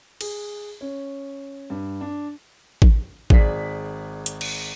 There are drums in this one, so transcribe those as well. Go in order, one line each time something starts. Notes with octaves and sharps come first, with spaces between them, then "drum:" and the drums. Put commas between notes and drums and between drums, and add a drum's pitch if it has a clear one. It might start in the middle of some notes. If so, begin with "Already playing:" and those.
G#4, drum: cymbal
C#4
G2
D4
drum: kick A1
G#1 G#4 D5 B6, drum: kick A1
drum: hi-hat
drum: cymbal